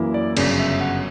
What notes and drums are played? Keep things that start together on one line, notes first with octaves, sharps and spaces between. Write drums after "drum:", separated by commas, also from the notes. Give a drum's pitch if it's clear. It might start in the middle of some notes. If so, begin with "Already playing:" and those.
Already playing: F#2 E3 A#3 E4
D5
G1 F#2 C#3 D5, drum: cymbal
E5
F#5